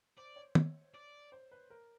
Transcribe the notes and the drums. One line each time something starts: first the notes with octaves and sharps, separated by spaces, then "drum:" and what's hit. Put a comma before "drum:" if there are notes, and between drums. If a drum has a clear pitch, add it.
C5 D5
C#5
C#5, drum: tom
D5
C5
B4
A#4